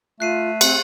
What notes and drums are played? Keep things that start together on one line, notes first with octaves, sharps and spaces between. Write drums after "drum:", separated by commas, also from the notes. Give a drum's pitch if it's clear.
A3 F4 F#6 C7 D#7
C4 F#6 C#7, drum: cymbal